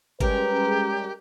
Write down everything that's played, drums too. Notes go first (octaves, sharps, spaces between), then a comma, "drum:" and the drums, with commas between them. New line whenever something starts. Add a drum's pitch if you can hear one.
G3 G#3 C#4 G4 A#4 B4, drum: kick G1